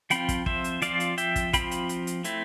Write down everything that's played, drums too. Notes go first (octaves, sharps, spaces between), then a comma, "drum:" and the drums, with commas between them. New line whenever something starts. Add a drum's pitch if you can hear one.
F3 C4 F4 G5 B5, drum: hi-hat
drum: kick, hi-hat
C5 E5, drum: kick
drum: hi-hat
F3 C4 F4 D5 F5, drum: hi-hat
drum: hi-hat
E5 G5, drum: hi-hat
drum: kick, hi-hat
F3 C4 F4 G5 B5, drum: kick, hi-hat
drum: hi-hat
drum: hi-hat
drum: hi-hat
A3 C4 E4, drum: hi-hat